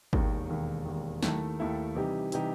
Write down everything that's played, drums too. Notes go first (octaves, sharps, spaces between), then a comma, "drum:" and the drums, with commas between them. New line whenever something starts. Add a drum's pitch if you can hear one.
E1 D#2 D#3, drum: kick
E1 D#2 D#3
E1 D#2 D#3
D#2 D#3 A3 E4 A4, drum: snare
D#2 D#3 A3 E4 A4
C3 E3 G3 D#4 G4
C3 E3 G3 D#4 G4, drum: hi-hat